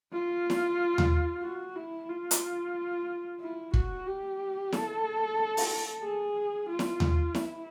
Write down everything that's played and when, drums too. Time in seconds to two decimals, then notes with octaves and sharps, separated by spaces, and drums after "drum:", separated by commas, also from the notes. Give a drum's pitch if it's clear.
0.12 F4
0.50 drum: snare E4
0.98 drum: tom D#2
1.43 F#4
1.76 E4
2.09 F4
2.31 drum: hi-hat
3.41 E4
3.74 F#4, drum: kick
4.07 G4
4.72 A4, drum: snare E4
5.57 drum: open hi-hat
6.03 G#4
6.69 F4
6.79 drum: snare E4
7.00 drum: tom D#2
7.35 E4, drum: snare E4